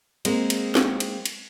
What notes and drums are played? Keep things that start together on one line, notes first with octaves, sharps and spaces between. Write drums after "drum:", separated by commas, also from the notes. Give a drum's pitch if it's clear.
G#3 A#3 C4, drum: cymbal
drum: cymbal
drum: snare
drum: cymbal
drum: cymbal